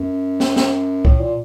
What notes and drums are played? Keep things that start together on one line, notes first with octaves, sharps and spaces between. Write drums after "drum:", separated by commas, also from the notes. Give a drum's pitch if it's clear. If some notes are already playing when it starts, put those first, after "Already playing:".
Already playing: F#2
drum: snare
drum: snare
A2, drum: kick
A#2